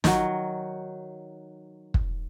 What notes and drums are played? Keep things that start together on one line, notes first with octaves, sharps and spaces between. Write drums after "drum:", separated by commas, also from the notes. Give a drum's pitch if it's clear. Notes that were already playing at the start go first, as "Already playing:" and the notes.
D#3 F#3, drum: snare
drum: kick